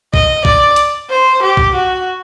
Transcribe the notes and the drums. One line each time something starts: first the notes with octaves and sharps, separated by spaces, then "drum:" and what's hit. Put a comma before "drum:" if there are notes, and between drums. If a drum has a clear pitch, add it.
D#5, drum: kick
D5, drum: kick
drum: hi-hat
C5
G4
drum: kick
F#4